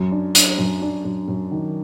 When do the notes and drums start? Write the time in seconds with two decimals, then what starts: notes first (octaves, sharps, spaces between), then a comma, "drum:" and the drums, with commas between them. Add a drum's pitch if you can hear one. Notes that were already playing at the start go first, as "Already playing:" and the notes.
Already playing: F#2
0.11 D4
0.35 D4, drum: hi-hat
0.58 F#2
0.82 D4
1.05 F#2
1.28 F#2
1.51 D#3